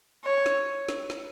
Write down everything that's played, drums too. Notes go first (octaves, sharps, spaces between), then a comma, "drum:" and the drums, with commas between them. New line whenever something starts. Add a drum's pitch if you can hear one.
C#5
drum: snare
drum: snare
drum: snare